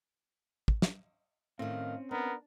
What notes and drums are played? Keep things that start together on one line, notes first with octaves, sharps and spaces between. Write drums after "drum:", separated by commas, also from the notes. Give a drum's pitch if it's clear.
drum: kick
drum: snare
A2 D#3 C4 C#4 F5
B3 D4 A#4